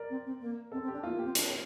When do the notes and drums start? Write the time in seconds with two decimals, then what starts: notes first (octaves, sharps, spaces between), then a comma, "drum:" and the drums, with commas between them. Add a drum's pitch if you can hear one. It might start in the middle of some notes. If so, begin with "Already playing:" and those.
Already playing: A#4 D5
0.10 C4
0.25 C4
0.41 A#3
0.72 C4 A4
0.83 C4
0.88 G4
0.93 D4
1.03 A#3 F4
1.13 A#3
1.19 G4
1.24 C4
1.35 D4, drum: hi-hat